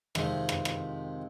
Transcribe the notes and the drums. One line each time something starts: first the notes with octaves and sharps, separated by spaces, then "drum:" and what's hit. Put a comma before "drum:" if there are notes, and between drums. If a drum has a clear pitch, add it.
F2 C3 D#3 G#3, drum: rim click
drum: rim click
drum: rim click